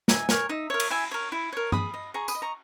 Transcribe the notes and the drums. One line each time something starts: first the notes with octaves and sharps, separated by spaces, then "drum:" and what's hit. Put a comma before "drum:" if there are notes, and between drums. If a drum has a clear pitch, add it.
D#4 E5 G#5, drum: snare
A#4 C#5, drum: snare
D#4 E5
A#4 C#5
drum: cymbal
E4 E5 G#5
A#4 C#5
E4
A#4 C#5
G#4 B5 D#6, drum: tom G2
D#5
G#4 A#5 C#6
B5 D#6, drum: tambourine
D#5
A#5 C#6